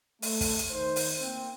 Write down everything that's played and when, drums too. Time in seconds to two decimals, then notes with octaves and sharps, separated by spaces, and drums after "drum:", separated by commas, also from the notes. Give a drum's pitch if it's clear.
0.22 A3, drum: open hi-hat
0.41 drum: kick, open hi-hat
0.59 drum: hi-hat
0.71 D#3 D#4 C5
0.96 drum: open hi-hat
1.20 A#3 C4